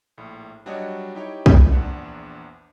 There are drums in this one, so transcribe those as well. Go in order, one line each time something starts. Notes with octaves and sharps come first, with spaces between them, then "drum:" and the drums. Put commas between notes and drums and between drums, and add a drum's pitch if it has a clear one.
A#1 A2
F#3 G3 D4 F#4 C#5 D#5
D#4 E4 G4 C#5 G5
drum: kick B1
A#1 E2 D4 F#5